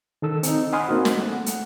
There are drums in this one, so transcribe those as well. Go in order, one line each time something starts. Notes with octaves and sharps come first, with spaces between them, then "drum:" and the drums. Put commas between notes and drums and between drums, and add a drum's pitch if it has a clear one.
D#3 A4 E6
C4 D#4, drum: hi-hat
F#5 G#5 B5 C6 D#6 F6
A#3 C4 D#4 F#4
drum: snare
A3 F#5
drum: hi-hat